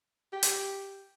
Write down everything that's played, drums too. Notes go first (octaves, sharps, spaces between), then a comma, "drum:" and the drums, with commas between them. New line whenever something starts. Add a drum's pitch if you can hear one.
G4
drum: hi-hat